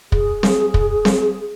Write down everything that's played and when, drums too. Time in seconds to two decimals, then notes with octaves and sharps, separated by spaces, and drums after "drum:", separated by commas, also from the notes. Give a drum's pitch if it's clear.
0.12 G#4, drum: kick
0.43 drum: snare C4
0.74 drum: kick
1.05 drum: snare C4